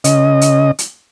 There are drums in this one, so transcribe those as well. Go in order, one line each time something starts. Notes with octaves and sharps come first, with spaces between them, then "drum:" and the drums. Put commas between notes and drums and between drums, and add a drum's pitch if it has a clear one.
C#3 D#5, drum: hi-hat
drum: hi-hat
drum: hi-hat